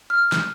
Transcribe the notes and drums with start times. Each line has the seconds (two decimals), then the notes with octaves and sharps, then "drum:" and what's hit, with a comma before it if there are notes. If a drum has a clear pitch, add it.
0.10 F6
0.32 drum: snare